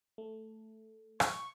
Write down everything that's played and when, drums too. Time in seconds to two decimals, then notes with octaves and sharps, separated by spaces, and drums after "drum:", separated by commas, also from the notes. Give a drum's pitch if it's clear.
0.18 A3
1.20 C#6, drum: rim click